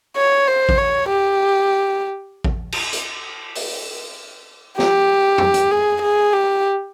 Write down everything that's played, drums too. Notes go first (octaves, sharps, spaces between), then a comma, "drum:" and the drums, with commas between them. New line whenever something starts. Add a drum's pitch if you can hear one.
C#5
C5
drum: kick A1
C#5
G4
drum: kick A1
drum: cymbal
drum: hi-hat
drum: open hi-hat
G4, drum: snare
drum: tom F2
drum: hi-hat
G#4
G#4
G4